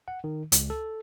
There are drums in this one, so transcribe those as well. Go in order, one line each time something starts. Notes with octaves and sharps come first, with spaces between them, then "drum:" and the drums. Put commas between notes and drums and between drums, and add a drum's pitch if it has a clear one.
F#5
D#3
C#2, drum: hi-hat
A4